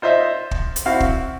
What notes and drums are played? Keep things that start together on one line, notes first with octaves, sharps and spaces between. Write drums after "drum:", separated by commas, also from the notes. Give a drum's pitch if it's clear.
F4 C5 D#5 E5
drum: kick
drum: hi-hat
C4 E4 F#4 F5
drum: kick